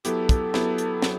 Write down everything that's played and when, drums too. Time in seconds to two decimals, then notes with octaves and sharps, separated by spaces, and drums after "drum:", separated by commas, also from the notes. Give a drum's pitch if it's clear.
0.05 F#3 B3 E4 G4 A4, drum: hi-hat
0.29 drum: kick, hi-hat
0.54 F#3 B3 E4 G4, drum: snare
0.78 drum: hi-hat
1.02 F#3, drum: snare